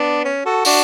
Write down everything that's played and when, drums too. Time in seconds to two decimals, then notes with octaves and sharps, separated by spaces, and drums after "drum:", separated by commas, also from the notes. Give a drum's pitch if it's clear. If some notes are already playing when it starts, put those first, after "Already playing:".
Already playing: B3 D4
0.25 C#4
0.45 F#4 A4
0.65 D4 F#4, drum: open hi-hat